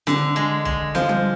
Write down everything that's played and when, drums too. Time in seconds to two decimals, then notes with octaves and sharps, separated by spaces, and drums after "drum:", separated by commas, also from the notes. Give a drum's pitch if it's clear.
0.07 D3, drum: snare
0.36 G#3
0.65 G#3, drum: kick
0.95 F3, drum: snare
1.09 drum: tom G3